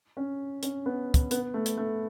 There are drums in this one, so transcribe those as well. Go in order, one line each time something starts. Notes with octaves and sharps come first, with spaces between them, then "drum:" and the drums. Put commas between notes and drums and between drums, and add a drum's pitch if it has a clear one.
C#4
C#4, drum: hi-hat
B3
drum: kick, hi-hat
B3, drum: hi-hat
A3
drum: hi-hat
A3